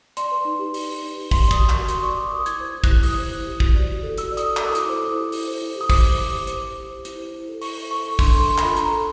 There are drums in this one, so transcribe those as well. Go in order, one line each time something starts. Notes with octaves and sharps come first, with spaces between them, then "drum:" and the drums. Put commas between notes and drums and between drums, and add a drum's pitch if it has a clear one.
D5 C6, drum: hi-hat
B4
D#4
G4
D5, drum: open hi-hat
B4
D#4
G4
F#4 C6, drum: kick, open hi-hat
D5
D#6, drum: kick, hi-hat
F#4
C#6, drum: clap
A#4
F#4 C6, drum: hi-hat
D5 C#6
F#4 D6
A#4 D#6
E4 G#6, drum: hi-hat
C5 G#6
E4
F#6, drum: kick, hi-hat
G4
E4 D#6, drum: open hi-hat
C5
E4
G4
F#4, drum: kick
D5
F#4
A4
F#4 E6, drum: hi-hat
D5
D#6, drum: hi-hat
F#4
D6, drum: clap
A4
D#6
E4 D6, drum: hi-hat
C5
E4
G4
E4, drum: open hi-hat
C5
E4
G4 D#6
C5 D6, drum: kick, open hi-hat
G4
G4 D6
C5
C5, drum: hi-hat
G4
G4
C5
E4, drum: hi-hat
C5
E4
A4
E4 C#6, drum: open hi-hat
C5
E4 C#6
A4 C#6
D4 C6, drum: kick, open hi-hat
A4 C6
D4
B5, drum: clap
F4
D4 A#5, drum: hi-hat
A4